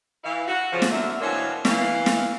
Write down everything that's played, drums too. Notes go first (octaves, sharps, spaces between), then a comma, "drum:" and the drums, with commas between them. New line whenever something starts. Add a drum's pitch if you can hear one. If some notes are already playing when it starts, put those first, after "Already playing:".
E3 E4 F5
F#4
C#3 F3
drum: snare
D3 F#3 D4 A#4 E5
B2 E3 A#3 C4 D4 C#5
E3 F5, drum: snare
drum: snare